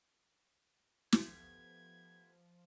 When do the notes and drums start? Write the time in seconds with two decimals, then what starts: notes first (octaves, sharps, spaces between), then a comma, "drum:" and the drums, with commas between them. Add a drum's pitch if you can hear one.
1.12 F3 A3 B3 G4 G#6, drum: snare